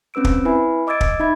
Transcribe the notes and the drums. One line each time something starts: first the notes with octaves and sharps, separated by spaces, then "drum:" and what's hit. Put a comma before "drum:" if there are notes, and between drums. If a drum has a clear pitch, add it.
C4 C#4 B4 E6 D7
drum: kick
E4 B4 E5 G#5 B5
D#5 D6 E6 G#6 A6 D7
drum: kick
D#4 E5 B5 G#6